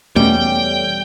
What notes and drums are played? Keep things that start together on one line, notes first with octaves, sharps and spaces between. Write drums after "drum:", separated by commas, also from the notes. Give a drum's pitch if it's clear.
E2 B2 G3 A3 C#4 G5, drum: tom A3